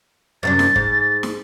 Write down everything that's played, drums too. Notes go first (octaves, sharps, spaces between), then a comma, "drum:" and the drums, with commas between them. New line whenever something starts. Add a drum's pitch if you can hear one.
F#2 C3 D4 A6
drum: snare
G#2, drum: kick
drum: snare